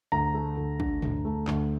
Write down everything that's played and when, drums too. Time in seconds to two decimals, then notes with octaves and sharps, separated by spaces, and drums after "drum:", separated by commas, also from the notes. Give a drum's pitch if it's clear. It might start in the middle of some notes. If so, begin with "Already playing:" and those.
0.12 D2 A#5
0.35 A3
0.57 D2
0.80 D3, drum: kick
1.02 D2, drum: tom
1.25 A3
1.48 D2, drum: clap